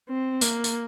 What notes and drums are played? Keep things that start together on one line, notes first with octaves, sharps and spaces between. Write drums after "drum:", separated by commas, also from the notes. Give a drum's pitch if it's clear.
C4
A#3, drum: tambourine
drum: tambourine